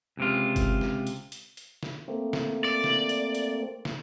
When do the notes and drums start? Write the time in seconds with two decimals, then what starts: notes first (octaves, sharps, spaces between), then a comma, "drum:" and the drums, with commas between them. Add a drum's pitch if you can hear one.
0.17 C#2 C3 F4
0.56 drum: kick F#1, hi-hat
0.81 drum: snare
1.07 drum: hi-hat
1.32 drum: hi-hat
1.57 drum: hi-hat
1.83 drum: snare
2.08 A3 A#3 C4
2.33 drum: snare
2.65 D5
2.84 drum: snare
3.09 drum: hi-hat
3.35 drum: hi-hat
3.85 drum: snare